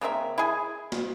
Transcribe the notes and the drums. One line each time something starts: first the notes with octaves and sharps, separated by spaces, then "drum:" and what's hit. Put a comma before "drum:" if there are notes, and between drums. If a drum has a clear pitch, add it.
C#3 A#3 C4 E5
E4 G#4 G#5
drum: snare